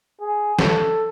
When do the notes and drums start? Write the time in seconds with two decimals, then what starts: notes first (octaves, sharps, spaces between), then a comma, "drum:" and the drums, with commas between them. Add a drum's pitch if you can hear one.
0.21 G#4
0.59 A4, drum: snare